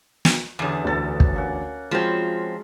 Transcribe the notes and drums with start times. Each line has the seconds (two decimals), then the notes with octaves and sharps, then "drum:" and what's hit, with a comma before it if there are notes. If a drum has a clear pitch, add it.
0.25 drum: snare
0.59 E2 D3 B3 C#4 G4
0.84 D2 B3 A4 A6
1.20 drum: kick
1.34 A#3 C#4 F#5
1.91 F3 F#3 G#3 C4 F4 B5